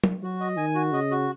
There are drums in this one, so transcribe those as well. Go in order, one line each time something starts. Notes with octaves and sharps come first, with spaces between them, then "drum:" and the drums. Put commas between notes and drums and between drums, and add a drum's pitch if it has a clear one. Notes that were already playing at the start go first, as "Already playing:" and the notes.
drum: tom
F#3 F#4
D#5
D#3 G#5
F#4
C#3 D#5
F#4